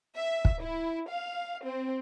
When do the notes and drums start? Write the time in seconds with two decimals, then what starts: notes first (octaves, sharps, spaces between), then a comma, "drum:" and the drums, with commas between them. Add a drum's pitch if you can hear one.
0.16 E5
0.45 drum: kick
0.61 E4
1.08 F5
1.64 C4